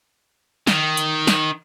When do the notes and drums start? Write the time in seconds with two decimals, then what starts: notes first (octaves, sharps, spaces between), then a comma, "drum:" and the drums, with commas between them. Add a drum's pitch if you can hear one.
0.67 D#3, drum: snare
0.97 drum: hi-hat
1.27 drum: snare